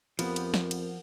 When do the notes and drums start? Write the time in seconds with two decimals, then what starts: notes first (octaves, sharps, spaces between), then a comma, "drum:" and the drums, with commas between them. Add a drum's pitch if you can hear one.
0.19 F2 F3 B3 G4 A#4 F#5, drum: cymbal
0.36 drum: cymbal
0.54 drum: snare
0.71 drum: cymbal